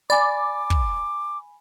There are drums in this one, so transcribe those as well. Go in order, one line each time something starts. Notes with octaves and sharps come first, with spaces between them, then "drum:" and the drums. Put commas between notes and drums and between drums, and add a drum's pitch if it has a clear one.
D5 G#5 B5 D6
drum: kick